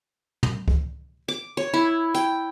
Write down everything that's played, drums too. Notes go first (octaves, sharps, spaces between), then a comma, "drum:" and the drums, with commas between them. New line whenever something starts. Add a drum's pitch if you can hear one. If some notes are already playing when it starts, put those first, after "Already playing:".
drum: tom
drum: kick C#2
D6
C#5
E4
G5, drum: hi-hat